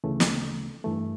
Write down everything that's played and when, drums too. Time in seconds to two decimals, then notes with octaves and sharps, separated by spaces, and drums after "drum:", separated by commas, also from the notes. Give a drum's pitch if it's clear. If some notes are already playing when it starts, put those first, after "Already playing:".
0.04 D2 C#3 E3 A3
0.20 drum: snare
0.84 G2 E3 A3